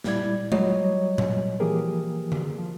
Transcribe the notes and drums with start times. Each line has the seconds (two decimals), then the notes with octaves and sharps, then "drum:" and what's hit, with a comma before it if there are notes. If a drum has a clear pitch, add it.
0.04 A#2 G3 E4 D5 G#6, drum: snare
0.52 F#3 G3 F#4 C#5 D#5, drum: tom G#3
1.18 drum: tom A#2
1.60 E3 F3 A#3 G4 G#4 A#4
2.32 drum: tom D3
2.58 F3